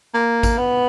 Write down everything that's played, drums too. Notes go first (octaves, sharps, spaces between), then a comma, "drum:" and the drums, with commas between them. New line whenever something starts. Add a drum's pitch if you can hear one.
A#3
drum: kick G#1, tambourine
B3